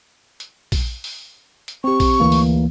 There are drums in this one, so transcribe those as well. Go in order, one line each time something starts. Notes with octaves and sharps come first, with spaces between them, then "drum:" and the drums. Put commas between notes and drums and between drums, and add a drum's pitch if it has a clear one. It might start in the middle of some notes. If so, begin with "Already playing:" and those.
drum: hi-hat
drum: kick A#1, open hi-hat
drum: open hi-hat
drum: hi-hat
C4 G4 C#6
drum: kick A#1, open hi-hat
D2 E3 A#3
drum: open hi-hat